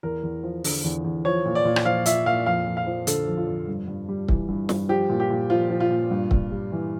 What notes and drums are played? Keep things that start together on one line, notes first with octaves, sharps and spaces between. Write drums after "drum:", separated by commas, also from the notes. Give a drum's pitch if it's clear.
E2 A#4
E2
F3
D3, drum: open hi-hat
E2
E2
F3 C#5
A#2
D5
A#2
drum: rim click
F3 F5
F3 E5, drum: hi-hat
A#2 F5
F2 F5
F2
F5
F3
D3 A4, drum: hi-hat
F2
F4
F2
G2
G2
G3
E3, drum: kick C#1
G2
G2, drum: snare
F3 G4
A#2
G4
A#2
F3 F4
F3
F4
A#2
G2
G2, drum: kick C#1
G3
E3